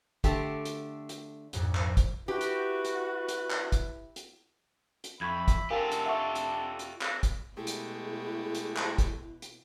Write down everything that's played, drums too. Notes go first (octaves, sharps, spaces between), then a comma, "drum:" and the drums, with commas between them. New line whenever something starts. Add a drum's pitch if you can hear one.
D3 A3 G4, drum: kick, hi-hat
drum: hi-hat
drum: hi-hat
A#1 F2 G#2, drum: hi-hat
drum: clap
drum: kick, hi-hat
E4 F#4 G4 B4
drum: hi-hat
drum: hi-hat
drum: hi-hat
drum: clap
drum: kick, hi-hat
drum: hi-hat
drum: hi-hat
F2 E4 B5 C#6 G6 G#6
drum: kick, hi-hat
C4 D4 F4 G4 A4 A#4 F5 G#5
drum: hi-hat
E5 F#5 C#6
drum: hi-hat
drum: hi-hat
drum: clap
drum: kick, hi-hat
B2 G#3 A3 E4 G4 G#4
drum: hi-hat
drum: hi-hat
drum: clap
drum: kick, hi-hat
drum: hi-hat